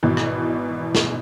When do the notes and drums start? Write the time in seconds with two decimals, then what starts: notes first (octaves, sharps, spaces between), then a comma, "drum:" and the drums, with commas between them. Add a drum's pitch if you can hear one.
0.03 G#1 B2 E3
0.17 drum: rim click
0.95 drum: snare